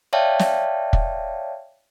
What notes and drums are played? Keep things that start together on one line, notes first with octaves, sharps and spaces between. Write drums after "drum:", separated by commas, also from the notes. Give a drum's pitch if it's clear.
C#5 D5 E5 F5 G5 A5
drum: snare
drum: kick